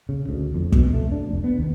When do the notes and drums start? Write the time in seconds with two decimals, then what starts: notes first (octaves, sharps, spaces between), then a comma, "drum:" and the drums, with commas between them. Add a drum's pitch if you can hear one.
0.09 C#3
0.29 D2
0.55 F2
0.72 B2, drum: kick
0.93 A3
1.12 D4
1.29 F1
1.44 B3
1.59 D#2